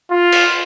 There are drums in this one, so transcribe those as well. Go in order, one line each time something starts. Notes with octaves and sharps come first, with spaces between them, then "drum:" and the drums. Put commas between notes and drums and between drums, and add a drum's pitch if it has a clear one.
F4
drum: cymbal